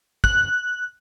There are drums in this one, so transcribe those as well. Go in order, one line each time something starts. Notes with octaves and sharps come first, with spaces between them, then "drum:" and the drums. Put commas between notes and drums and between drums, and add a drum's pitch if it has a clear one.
F#6, drum: kick